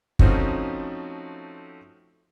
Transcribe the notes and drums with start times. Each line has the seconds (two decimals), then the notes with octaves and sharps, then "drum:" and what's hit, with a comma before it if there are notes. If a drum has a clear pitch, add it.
0.19 F3 A3 C4 C#4 D#4 F#4, drum: kick